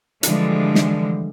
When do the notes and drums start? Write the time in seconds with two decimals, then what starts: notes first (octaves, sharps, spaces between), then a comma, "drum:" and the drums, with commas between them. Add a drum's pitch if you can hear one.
0.23 D3 E3 F3 G3 G#3, drum: hi-hat
0.75 drum: snare